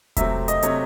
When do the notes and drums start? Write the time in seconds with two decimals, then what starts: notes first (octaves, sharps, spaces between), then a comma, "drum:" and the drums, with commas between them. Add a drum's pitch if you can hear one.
0.17 C3 F#3 A3 C4 E5, drum: kick E1, hi-hat
0.48 D#5, drum: hi-hat
0.63 C3 F#3 A3 C4 C#5, drum: hi-hat